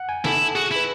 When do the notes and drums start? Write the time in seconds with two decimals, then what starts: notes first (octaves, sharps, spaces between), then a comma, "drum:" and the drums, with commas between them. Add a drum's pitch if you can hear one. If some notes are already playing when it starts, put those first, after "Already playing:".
Already playing: F#5
0.09 G#5
0.25 E4 A4, drum: snare
0.55 F#4 G#4
0.71 E4 B4